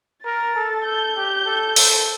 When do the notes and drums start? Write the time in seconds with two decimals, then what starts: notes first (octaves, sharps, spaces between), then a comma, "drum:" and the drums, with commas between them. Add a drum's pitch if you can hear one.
0.25 A#4 A6
0.56 A4
0.85 A4 G6
1.16 G4
1.46 A4
1.76 A4, drum: open hi-hat